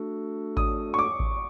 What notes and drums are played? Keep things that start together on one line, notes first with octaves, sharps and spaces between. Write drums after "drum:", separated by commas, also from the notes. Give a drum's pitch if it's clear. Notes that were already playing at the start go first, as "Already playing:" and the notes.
Already playing: A3 D4 F#4 A4
D#6, drum: kick G#1
C#6
D6
drum: kick G#1